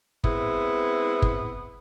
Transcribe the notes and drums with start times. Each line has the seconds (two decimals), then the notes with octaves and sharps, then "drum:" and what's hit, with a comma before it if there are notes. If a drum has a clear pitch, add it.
0.24 G#3 B3 C4 E4, drum: kick
1.22 drum: kick